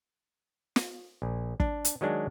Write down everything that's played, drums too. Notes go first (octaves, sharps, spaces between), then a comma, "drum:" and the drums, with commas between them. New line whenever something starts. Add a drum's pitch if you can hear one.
drum: snare
A#1
D4, drum: kick
drum: hi-hat
D#3 F#3 G#3 D4